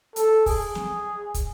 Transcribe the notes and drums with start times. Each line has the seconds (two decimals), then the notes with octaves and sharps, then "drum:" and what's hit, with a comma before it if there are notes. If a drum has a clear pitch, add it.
0.16 A4, drum: hi-hat
0.46 G#4, drum: kick, open hi-hat
0.75 drum: snare
1.34 drum: kick, hi-hat